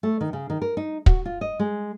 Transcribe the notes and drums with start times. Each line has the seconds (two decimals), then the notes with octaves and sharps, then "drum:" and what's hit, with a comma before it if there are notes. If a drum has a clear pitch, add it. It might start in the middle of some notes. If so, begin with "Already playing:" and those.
0.03 A3
0.21 D#3
0.33 C#3
0.50 D#3
0.62 A#4
0.77 D#4
1.06 F#4, drum: kick
1.25 F4
1.41 D#5
1.59 G#3